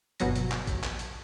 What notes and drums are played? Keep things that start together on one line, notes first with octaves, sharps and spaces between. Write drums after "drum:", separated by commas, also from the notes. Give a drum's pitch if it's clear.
G1 B2 F#3 A#6, drum: hi-hat
drum: hi-hat
drum: clap
drum: kick A1, hi-hat
drum: clap
drum: hi-hat